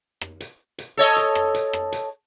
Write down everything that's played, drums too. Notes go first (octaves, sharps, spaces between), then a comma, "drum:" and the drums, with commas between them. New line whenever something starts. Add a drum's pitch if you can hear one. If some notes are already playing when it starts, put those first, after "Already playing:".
drum: rim click
drum: hi-hat
drum: hi-hat
A4 C#5 D#5
drum: hi-hat
drum: rim click
drum: hi-hat
drum: rim click
drum: hi-hat